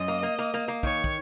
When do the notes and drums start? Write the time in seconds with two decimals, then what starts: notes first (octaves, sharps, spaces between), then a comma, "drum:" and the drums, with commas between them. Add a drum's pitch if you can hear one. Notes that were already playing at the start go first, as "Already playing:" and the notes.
Already playing: F#2 D#5
0.08 A#3
0.23 A#3
0.39 A#3
0.54 A#3
0.68 A#3
0.83 D#3 C#5, drum: kick
1.04 drum: kick